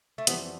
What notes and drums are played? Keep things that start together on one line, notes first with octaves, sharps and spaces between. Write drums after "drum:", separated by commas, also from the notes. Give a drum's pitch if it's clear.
A3
F2 E3 G3 B3 C4, drum: hi-hat